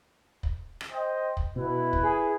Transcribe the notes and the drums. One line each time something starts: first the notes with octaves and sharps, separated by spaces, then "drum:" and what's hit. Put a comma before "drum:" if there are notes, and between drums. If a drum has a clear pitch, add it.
drum: kick
drum: rim click
C5 D#5 G5
drum: kick
B2 E4 B4
drum: kick
G#4